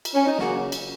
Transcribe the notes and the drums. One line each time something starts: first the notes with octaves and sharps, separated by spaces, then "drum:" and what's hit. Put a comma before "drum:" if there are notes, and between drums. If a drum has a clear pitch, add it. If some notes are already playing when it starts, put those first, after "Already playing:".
drum: cymbal
C#4
D#4
C#3 F#3 A#3 F#4, drum: snare
drum: cymbal